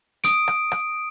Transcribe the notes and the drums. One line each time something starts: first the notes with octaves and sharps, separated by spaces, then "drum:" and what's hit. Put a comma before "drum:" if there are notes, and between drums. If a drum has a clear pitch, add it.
D#6 D7, drum: hi-hat
drum: rim click
drum: rim click